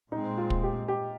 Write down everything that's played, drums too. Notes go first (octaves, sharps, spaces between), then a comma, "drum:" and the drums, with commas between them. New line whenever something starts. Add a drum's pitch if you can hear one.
A#2 G#3 C4 D#4
F4
drum: kick
G4
G4